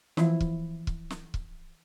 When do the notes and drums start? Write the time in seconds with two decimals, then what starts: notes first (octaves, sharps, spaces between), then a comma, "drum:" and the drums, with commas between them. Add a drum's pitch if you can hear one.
0.17 E3 F3 E4, drum: snare
0.40 drum: kick
0.87 drum: kick
1.10 drum: snare
1.34 drum: kick